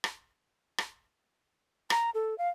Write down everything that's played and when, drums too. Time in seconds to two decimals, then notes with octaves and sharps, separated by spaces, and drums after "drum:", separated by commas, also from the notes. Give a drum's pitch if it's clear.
0.04 drum: rim click
0.78 drum: rim click
1.90 A#5, drum: rim click
2.14 A4
2.38 F5